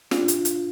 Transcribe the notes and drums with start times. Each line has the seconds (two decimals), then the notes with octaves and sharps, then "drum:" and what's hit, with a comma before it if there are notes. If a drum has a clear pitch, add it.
0.11 D4 F4, drum: snare
0.28 drum: hi-hat
0.45 drum: hi-hat